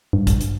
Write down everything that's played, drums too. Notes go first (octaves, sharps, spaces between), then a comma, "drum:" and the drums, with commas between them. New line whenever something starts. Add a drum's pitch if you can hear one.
G2
drum: kick A1, hi-hat
drum: hi-hat